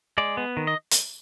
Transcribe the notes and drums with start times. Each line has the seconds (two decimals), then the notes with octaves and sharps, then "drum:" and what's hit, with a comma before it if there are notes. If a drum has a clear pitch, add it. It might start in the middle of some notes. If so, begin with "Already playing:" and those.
0.18 G#3 D5
0.37 B3
0.57 D#3
0.67 D#5
0.91 drum: hi-hat